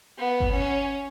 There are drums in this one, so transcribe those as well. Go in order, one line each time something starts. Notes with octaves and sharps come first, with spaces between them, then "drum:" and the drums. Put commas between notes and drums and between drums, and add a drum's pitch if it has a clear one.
B3
drum: kick G1
C#4